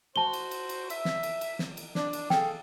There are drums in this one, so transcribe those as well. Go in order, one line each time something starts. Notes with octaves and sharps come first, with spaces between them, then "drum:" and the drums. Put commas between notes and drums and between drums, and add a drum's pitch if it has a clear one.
F#4 C5 A5 G7
drum: cymbal
drum: cymbal
drum: cymbal
E5, drum: cymbal
drum: snare
drum: cymbal
drum: cymbal
drum: snare
drum: cymbal
D4, drum: snare
drum: cymbal
G#4 A4 F5 G5, drum: snare